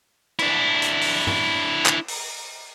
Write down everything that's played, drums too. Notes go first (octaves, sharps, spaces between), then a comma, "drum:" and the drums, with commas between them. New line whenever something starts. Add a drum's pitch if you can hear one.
D4 E4, drum: cymbal
drum: hi-hat
drum: open hi-hat
drum: tom G2
drum: clap
drum: open hi-hat